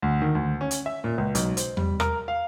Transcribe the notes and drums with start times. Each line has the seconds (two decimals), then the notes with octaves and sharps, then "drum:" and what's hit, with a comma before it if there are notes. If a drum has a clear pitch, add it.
0.02 D2
0.22 D#3
0.35 D2
0.61 C#4
0.71 drum: hi-hat
0.86 E5
1.04 A#2
1.18 C#2
1.35 B1, drum: hi-hat
1.57 C5, drum: hi-hat
1.77 G3, drum: tom E2
2.00 A#4, drum: rim click
2.28 F5